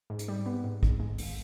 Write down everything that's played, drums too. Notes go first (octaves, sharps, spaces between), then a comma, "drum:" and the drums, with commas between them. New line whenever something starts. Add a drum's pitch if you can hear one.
G#2
drum: hi-hat
G3
B3
G#2
G#2, drum: kick
G#3
G#1, drum: open hi-hat